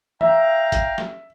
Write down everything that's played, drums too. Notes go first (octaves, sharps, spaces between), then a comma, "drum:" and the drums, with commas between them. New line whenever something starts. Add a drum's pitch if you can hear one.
E5 F5 G5 A#5, drum: tom
drum: kick, hi-hat
drum: snare